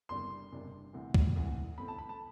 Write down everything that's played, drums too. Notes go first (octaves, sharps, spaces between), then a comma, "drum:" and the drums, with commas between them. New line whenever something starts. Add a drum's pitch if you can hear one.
F#1 E2 C3 G3 D4 C6
F#1 E2 C3 G3 D4
D2 C3 E3
drum: kick C#2
D2 C3 E3
E2 D3 A3 C4 B5
A5
B5
A5